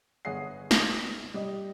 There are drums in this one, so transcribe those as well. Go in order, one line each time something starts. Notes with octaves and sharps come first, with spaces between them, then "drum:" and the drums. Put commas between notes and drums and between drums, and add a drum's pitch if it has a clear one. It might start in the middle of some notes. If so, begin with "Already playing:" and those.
G1 G#4 C#5 F#5 C7
drum: snare
G3 D#5